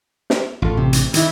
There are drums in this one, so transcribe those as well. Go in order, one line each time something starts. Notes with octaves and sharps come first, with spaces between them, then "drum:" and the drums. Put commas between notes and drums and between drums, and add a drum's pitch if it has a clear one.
drum: snare
A1 F4 A4
C3
drum: hi-hat
D#3 E4, drum: hi-hat